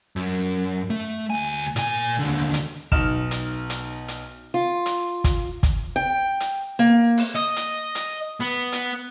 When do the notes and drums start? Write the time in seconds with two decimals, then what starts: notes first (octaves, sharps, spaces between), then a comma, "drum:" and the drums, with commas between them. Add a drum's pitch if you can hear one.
0.16 F#2
0.90 A3
1.30 D2 G#5
1.76 A#2 G#5, drum: hi-hat
2.19 D#2 D3
2.54 drum: hi-hat
2.92 B1 D#4 F6 E7, drum: kick
3.31 drum: hi-hat
3.70 drum: hi-hat
4.08 drum: hi-hat
4.54 F4
4.86 drum: hi-hat
5.24 drum: kick, hi-hat
5.63 drum: kick, hi-hat
5.96 G5
6.40 drum: hi-hat
6.79 A#3
7.18 drum: open hi-hat
7.36 D#5
7.56 drum: hi-hat
7.95 drum: hi-hat
8.41 B3
8.72 drum: hi-hat